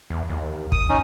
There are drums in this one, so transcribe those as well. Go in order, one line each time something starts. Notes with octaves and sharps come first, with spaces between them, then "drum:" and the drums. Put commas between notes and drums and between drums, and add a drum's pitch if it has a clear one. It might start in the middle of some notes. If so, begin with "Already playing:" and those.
E2
D#2
D#6, drum: kick
F1 C#4 D#4